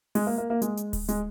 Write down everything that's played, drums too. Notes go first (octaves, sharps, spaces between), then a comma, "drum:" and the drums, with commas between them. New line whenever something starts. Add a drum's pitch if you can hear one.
G#3, drum: open hi-hat
A#3
A#3
A#3
G#3, drum: hi-hat
drum: hi-hat
drum: kick D1, open hi-hat
G#3, drum: hi-hat